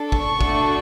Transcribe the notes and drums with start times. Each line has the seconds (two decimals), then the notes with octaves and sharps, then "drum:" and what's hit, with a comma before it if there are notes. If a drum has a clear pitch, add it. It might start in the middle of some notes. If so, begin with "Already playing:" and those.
Already playing: D4 A4
0.12 C#6, drum: kick
0.41 A3 D4 F#4 A4, drum: kick